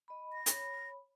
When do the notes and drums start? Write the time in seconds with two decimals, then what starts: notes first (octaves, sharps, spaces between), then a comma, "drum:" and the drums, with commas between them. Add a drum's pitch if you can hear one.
0.08 D#5 B5
0.33 A#6
0.46 C#5 B5, drum: hi-hat